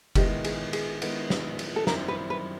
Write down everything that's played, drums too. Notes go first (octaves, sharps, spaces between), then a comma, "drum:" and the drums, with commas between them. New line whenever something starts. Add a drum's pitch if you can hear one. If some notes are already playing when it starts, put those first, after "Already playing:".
D#3 G#3 B3 E4 G4, drum: kick F1, cymbal
G#4, drum: cymbal
G#4, drum: cymbal
D#3 G#3 B3 E4, drum: cymbal
drum: snare
drum: cymbal
A4
F#2 D#3 G3 C4 E4 A#4, drum: snare
B4
B4